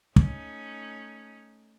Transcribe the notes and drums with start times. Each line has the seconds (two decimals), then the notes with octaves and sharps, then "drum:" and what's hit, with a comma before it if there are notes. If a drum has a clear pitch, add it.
0.16 A3 C#4 D#4, drum: kick